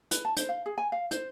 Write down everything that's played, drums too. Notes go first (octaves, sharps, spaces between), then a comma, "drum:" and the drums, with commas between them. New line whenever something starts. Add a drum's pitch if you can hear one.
B4, drum: hi-hat
A5
C5, drum: hi-hat
F5
G#4
G#5
F5
C5, drum: hi-hat